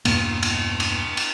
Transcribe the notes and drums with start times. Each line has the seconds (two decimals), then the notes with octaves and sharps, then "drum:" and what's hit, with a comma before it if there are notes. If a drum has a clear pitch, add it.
0.05 E2 G2 B2 A#3, drum: cymbal
0.43 drum: cymbal
0.80 drum: cymbal
1.17 drum: cymbal